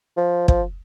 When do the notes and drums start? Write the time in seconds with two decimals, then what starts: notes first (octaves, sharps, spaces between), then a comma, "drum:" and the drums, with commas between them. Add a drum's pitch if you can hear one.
0.17 F3
0.48 F3, drum: kick